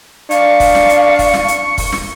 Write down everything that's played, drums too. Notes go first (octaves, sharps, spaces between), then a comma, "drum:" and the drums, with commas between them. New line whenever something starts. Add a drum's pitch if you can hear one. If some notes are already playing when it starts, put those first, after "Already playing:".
D4 F5 C#6, drum: hi-hat
drum: kick, open hi-hat
drum: snare
drum: hi-hat
drum: kick, open hi-hat
drum: snare
drum: hi-hat
drum: kick, open hi-hat
drum: snare